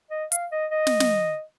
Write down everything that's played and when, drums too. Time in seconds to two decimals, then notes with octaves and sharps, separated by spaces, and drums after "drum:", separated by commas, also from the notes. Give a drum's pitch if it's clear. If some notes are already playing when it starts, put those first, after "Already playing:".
0.10 D#5
0.32 F5, drum: hi-hat
0.52 D#5
0.71 D#5
0.87 drum: snare
1.00 drum: snare